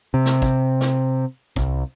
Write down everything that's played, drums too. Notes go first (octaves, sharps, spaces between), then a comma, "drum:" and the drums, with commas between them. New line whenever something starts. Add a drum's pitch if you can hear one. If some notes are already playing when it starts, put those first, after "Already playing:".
C3
drum: snare
drum: kick
drum: snare
C2, drum: kick